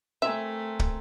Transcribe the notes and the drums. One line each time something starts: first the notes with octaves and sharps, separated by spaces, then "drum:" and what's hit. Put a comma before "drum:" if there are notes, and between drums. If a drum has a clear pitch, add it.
A3 C4 A#4 E5 G#5
drum: kick